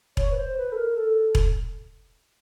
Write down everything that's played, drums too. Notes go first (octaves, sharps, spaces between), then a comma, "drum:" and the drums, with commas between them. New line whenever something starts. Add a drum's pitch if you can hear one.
C#5, drum: kick E1
B4
C5
B4
A4
A#4
A4
drum: kick E1